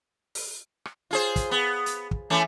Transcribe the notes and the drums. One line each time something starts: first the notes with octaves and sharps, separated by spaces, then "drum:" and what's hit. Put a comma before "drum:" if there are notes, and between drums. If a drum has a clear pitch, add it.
drum: open hi-hat
drum: rim click
F4 G#4 C5
drum: kick, hi-hat
B3
drum: hi-hat
drum: kick
E3 A3 C#4